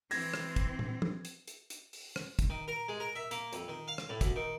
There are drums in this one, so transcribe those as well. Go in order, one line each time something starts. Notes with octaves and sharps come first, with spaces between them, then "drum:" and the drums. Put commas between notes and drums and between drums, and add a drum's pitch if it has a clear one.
E3 C4 G#6 A#6, drum: open hi-hat
drum: rim click
drum: kick, hi-hat
drum: tom
drum: tom
drum: hi-hat
drum: hi-hat
drum: hi-hat
drum: open hi-hat
drum: rim click
drum: kick, hi-hat
D#3
A#4
G#3
A#4
E5
A#3, drum: hi-hat
F2, drum: hi-hat
D#3
F5
drum: rim click
A2
D2, drum: kick, hi-hat
D#3